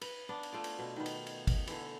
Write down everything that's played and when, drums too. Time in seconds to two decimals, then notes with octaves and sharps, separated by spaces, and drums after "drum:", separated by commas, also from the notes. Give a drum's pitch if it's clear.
0.01 B4, drum: cymbal
0.29 B3 D4 D5
0.43 drum: cymbal
0.53 A3 F4 D5
0.64 drum: cymbal
0.79 B2
0.96 D#3 B3
1.06 drum: cymbal
1.27 drum: cymbal
1.47 drum: kick, cymbal
1.67 D3 E3, drum: cymbal